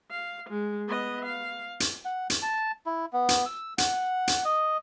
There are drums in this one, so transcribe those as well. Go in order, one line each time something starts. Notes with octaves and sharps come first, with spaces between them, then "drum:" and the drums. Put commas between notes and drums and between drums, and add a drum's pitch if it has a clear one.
F5
G#3
B3 D#5
F5
drum: hi-hat
F#5
drum: hi-hat
A5
E4
B3
drum: hi-hat
E6
F#5, drum: hi-hat
drum: hi-hat
D#5